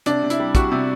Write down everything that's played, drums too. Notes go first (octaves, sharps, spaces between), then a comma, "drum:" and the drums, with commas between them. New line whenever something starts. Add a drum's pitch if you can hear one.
C3 D4, drum: hi-hat
C3
E4, drum: hi-hat
G3
G3 F#4, drum: kick, hi-hat
C3